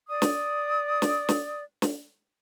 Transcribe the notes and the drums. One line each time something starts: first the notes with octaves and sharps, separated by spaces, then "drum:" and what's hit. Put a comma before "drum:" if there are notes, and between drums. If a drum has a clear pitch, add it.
D5 D#6
drum: snare
drum: snare
drum: snare
drum: snare